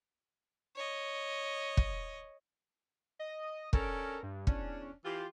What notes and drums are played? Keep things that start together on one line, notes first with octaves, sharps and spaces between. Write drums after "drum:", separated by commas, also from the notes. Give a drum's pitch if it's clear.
C#5 D#5
drum: kick
D#5
C#4 D4 A4 A#4, drum: kick
G2
E2 C#4 D4, drum: kick
E3 F4 G4